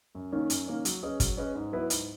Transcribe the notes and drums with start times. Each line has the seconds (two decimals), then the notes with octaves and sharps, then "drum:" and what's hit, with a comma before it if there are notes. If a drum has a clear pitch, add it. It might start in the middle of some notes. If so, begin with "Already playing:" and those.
0.15 F#2
0.32 D#3 A#3 C#4
0.50 F#2, drum: hi-hat
0.68 D#3 A#3 C#4
0.85 F#3, drum: hi-hat
1.03 C#4 G#4 B4 D#5
1.20 F#3, drum: kick, hi-hat
1.37 C#4 G#4 B4 D#5
1.55 G#2
1.72 F#3 B3 E4 B4
1.90 G#2, drum: hi-hat